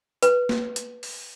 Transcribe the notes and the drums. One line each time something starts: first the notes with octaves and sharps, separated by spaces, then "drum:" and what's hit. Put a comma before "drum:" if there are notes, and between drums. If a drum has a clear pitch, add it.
B4, drum: hi-hat
drum: snare A#3
drum: hi-hat
drum: open hi-hat